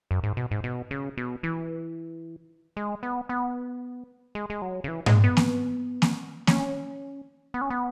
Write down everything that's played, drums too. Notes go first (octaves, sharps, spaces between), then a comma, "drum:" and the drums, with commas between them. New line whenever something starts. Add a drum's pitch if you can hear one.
F#2
G#2
B2
G#2
B2
C#3
B2
E3
G#3
B3
B3
G#3
G#3
F#3
C#3
E3
G#3, drum: tom G#2
B3
drum: snare A#3
drum: snare A#3
C#4, drum: snare A#3
B3
C#4
B3